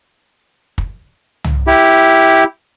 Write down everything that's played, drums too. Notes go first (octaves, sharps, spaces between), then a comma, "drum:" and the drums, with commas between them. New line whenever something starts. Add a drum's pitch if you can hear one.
drum: kick
drum: tom
E4 G4